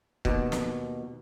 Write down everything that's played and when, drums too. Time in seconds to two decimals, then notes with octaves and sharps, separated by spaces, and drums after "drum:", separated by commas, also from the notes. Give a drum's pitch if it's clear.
0.25 D#2 B2, drum: kick
0.52 drum: snare